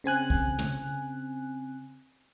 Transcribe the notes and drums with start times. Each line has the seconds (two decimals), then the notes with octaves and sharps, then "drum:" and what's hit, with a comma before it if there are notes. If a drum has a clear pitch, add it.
0.04 C#3 C4 G#5 F#6
0.30 drum: kick
0.59 drum: tom